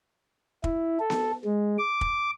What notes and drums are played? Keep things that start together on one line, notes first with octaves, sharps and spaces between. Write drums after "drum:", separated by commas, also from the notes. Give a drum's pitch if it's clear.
E4, drum: kick
A4
drum: snare B3
G#3
D6
drum: kick